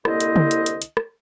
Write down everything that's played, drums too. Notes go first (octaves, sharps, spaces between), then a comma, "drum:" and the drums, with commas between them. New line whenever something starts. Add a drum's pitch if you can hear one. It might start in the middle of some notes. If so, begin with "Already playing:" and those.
C2 D3 A#3 E4 C5 D#5, drum: rim click
drum: hi-hat
drum: tom
drum: hi-hat
drum: hi-hat
drum: hi-hat
drum: rim click